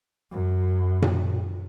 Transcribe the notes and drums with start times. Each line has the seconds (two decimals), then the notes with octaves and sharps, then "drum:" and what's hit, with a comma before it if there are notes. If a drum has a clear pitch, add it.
0.31 F#2
1.02 drum: tom A#2